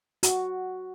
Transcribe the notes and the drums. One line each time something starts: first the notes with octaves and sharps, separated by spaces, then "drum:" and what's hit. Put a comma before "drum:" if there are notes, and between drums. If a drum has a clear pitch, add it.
F#4, drum: hi-hat